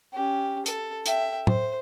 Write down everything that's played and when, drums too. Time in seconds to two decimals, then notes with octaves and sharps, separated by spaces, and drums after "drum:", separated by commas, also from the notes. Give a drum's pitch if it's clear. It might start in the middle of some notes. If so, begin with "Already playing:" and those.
0.14 C#4 G4
0.66 A4, drum: hi-hat
1.06 E5 G5, drum: hi-hat
1.47 C5, drum: tom